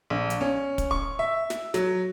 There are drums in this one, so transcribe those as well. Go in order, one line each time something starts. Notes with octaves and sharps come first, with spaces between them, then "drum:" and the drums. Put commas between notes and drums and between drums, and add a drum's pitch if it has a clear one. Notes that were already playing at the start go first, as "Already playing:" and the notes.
A#1
drum: hi-hat
C#4
drum: kick, hi-hat
C#6
E5
drum: snare
F#3, drum: snare